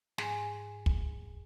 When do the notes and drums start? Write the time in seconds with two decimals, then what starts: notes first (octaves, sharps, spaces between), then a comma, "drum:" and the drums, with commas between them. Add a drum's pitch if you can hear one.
0.18 G#2 G#5, drum: snare
0.86 drum: kick